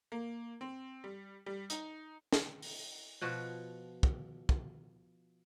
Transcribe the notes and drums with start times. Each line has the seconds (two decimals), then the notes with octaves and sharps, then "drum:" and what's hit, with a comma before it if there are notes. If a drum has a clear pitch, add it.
0.12 A#3
0.61 C4
1.04 G3
1.46 G3
1.70 D#4, drum: hi-hat
2.33 drum: snare
2.62 drum: open hi-hat
3.21 B2 F3 F#4
4.03 drum: kick
4.49 drum: kick